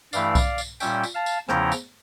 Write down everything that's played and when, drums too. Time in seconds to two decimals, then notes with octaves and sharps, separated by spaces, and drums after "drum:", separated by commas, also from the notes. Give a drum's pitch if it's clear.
0.13 G2 E3 A3 E4 D5 F5, drum: tambourine
0.35 drum: kick B1, tambourine
0.58 drum: tambourine
0.80 A#2 G3 C#4 E5 G5, drum: tambourine
1.03 drum: tambourine
1.14 F5 A5
1.26 drum: tambourine
1.49 E2 C#3 F3 C#4 E4 G5 A#5, drum: rim click
1.72 drum: tambourine